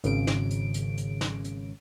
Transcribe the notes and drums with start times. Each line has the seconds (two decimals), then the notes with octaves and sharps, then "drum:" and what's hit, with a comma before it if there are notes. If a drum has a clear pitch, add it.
0.04 G#1 C#3 D7, drum: hi-hat
0.27 drum: snare
0.51 drum: hi-hat
0.74 drum: hi-hat
0.98 drum: hi-hat
1.21 drum: snare
1.44 drum: hi-hat